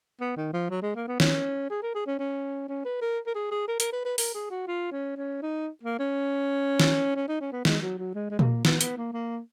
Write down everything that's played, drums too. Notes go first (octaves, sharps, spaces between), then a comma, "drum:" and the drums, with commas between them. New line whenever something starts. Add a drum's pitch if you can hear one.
B3
D#3
F3
F#3
G#3
A#3
B3
C#4, drum: snare
G#4
A#4
G#4
C#4
C#4
C#4
B4
A#4
A#4
G#4
G#4
A#4
A#4, drum: hi-hat
B4
B4
A#4, drum: open hi-hat
G#4
F#4
F4
C#4
C#4
D#4
A#3
C#4
drum: snare
C#4
D#4
C#4
B3
G#3, drum: snare
F#3
F#3
G#3
G#3
A#3, drum: tom A#2
B3, drum: snare
B3, drum: hi-hat
A#3
A#3